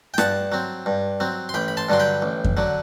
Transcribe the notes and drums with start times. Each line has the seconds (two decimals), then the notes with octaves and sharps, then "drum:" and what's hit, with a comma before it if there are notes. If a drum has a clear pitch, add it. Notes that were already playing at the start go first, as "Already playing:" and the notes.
0.14 G5
0.18 G2 F#5 A5, drum: rim click
0.52 F#3 C4
0.86 G2
1.20 F#3 C4
1.49 C6
1.54 A1 G5 B5
1.68 B5
1.77 A5 C6
1.89 G2 D3 F#3 C6
1.99 G5 B5
2.22 A1
2.44 drum: kick F2
2.57 D3 F#3